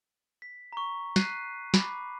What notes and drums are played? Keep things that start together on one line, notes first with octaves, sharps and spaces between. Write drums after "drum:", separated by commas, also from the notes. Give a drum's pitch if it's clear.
B6
A#5 C#6
F#6 B6 C7 D#7, drum: snare
B5 D6, drum: snare